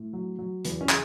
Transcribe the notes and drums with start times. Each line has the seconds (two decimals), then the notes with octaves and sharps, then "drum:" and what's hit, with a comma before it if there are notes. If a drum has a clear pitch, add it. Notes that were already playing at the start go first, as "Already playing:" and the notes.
Already playing: A2
0.13 F#3
0.39 F#3
0.65 E2 B3, drum: hi-hat
0.81 C#4
0.89 C#3, drum: clap